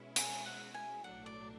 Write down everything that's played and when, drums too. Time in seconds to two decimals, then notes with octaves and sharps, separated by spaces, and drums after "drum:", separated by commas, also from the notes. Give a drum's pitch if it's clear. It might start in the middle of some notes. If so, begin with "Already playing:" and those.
Already playing: B2 G#3 C#4 E4
0.16 G#5, drum: hi-hat
0.46 F#5
0.74 G#5
1.04 B1 A2 F#3 A3 D4 F#5
1.26 D5